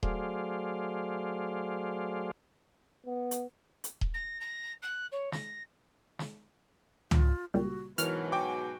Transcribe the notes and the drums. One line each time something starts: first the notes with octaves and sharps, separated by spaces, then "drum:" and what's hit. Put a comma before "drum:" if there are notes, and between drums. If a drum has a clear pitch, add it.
F#3 A3 G#4 C5 D5 F5, drum: kick D#1
B3
drum: hi-hat
drum: hi-hat
drum: kick D#1
A#6
A#6
F#6
C#5
A#6, drum: snare
drum: snare
F4, drum: tom
C#2 A#2 G3 F#4
G#2 B2 E3 F#3 A#4 F6, drum: hi-hat
F#4 G5 G#5 D6